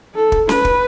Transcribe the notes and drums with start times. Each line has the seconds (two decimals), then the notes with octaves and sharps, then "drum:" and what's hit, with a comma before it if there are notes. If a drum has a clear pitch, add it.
0.15 A4
0.32 drum: kick
0.49 B4, drum: snare C#4
0.65 drum: kick